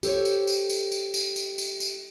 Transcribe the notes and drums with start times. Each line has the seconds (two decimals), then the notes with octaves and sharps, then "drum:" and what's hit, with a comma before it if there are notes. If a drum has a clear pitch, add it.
0.03 G4 A4 C5 C#5, drum: tambourine
0.25 drum: tambourine
0.47 drum: tambourine
0.70 drum: tambourine
0.92 drum: tambourine
1.14 drum: tambourine
1.36 drum: tambourine
1.58 drum: tambourine
1.80 drum: tambourine